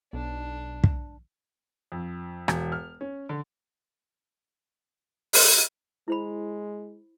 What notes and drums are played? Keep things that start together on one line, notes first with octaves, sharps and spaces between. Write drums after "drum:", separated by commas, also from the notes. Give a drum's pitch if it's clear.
B1 D4
drum: kick
F2
E1, drum: rim click
F6
C#4
D3
drum: open hi-hat
G#3 E4 C5 B5